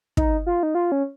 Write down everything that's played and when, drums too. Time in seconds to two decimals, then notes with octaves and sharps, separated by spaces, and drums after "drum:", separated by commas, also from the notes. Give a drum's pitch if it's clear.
0.17 D#4, drum: kick
0.46 F4
0.63 D#4
0.75 F4
0.92 C#4